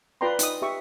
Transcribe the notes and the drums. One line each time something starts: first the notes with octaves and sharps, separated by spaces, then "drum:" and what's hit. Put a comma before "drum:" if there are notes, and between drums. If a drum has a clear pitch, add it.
F4 B4 D5 G5 A#5 C6
D#4 G5 D#6, drum: hi-hat
G4 E5 C#6